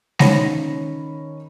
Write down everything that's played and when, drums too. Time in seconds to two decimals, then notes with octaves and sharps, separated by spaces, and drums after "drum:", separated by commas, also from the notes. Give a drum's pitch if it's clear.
0.19 D#3 C#4 C#5 B5 A#6, drum: snare G#3